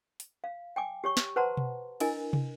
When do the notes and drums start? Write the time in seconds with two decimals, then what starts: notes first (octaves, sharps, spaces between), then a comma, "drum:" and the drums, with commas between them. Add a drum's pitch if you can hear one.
0.20 drum: hi-hat
0.44 F5
0.76 G5 G#5 D6
1.04 G4 C#5 C#6
1.17 drum: snare
1.36 B4 C5 F#5 A5 A#5 C6
1.57 drum: tom B2
2.00 D4 E4 A#4 D#5 G#5, drum: cymbal
2.33 drum: tom